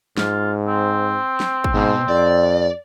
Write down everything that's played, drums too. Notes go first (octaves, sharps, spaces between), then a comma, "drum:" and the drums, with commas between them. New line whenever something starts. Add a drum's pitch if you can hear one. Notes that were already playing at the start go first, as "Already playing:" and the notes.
G#2 F4, drum: snare
C4
drum: snare
drum: kick
G#2 B2
F2 D5